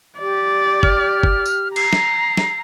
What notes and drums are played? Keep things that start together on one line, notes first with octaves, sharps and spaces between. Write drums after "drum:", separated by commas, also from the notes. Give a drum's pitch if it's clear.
G4 D5
F6, drum: kick
drum: kick
drum: tambourine
A#5 C7, drum: cymbal
drum: snare
drum: snare